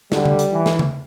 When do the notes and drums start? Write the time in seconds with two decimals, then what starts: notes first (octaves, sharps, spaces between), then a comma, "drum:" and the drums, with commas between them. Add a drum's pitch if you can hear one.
0.12 D3 G3, drum: snare
0.25 drum: tom C#3
0.39 drum: hi-hat
0.52 E3
0.66 drum: snare
0.79 drum: tom C#3